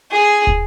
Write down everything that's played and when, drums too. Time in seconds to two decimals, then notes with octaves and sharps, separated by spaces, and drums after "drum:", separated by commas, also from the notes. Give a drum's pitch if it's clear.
0.11 G#4
0.47 drum: kick